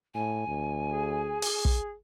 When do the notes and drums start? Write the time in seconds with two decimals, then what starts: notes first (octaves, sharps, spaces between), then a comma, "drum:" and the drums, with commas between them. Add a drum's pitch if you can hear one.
0.14 A2 G#5
0.47 D2
0.87 G#4
1.42 drum: open hi-hat
1.65 drum: kick